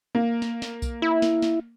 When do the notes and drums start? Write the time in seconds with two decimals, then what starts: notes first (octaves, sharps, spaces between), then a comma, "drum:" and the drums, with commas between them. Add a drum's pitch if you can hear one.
0.15 A#3
0.42 drum: snare
0.62 drum: snare
0.82 drum: kick B1, tambourine
1.02 E4
1.22 drum: snare
1.42 drum: snare